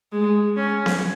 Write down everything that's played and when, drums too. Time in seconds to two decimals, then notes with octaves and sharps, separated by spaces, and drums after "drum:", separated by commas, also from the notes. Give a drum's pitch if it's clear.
0.12 G#3
0.57 C#4
0.86 drum: snare B3